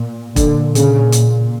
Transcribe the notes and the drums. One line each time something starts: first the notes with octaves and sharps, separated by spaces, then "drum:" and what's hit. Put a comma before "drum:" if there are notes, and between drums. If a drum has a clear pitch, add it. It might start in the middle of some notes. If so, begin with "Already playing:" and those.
Already playing: A#2
A#2 D3, drum: kick E1, hi-hat
C#3, drum: hi-hat
drum: hi-hat